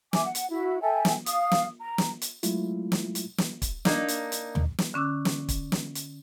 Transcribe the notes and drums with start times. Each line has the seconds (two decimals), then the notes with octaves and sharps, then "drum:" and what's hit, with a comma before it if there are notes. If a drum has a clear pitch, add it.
0.13 E5 G#5 D6, drum: snare
0.26 F#5
0.35 drum: hi-hat
0.50 E4 F#4
0.81 A4 E5 G5 G#5
1.05 drum: snare
1.26 F5 D#6, drum: hi-hat
1.51 drum: snare
1.80 A#5
1.98 drum: snare
2.22 drum: hi-hat
2.43 F#3 G#3 A3 E4 F4, drum: hi-hat
2.92 drum: snare
3.15 drum: hi-hat
3.38 drum: snare
3.62 drum: kick, hi-hat
3.85 A#3 D4 D#4, drum: snare
4.08 drum: hi-hat
4.32 drum: hi-hat
4.55 drum: tom
4.78 drum: snare
4.94 D3 C#4 D6 E6 F#6
5.25 drum: snare
5.49 drum: kick, hi-hat
5.72 drum: snare
5.95 drum: hi-hat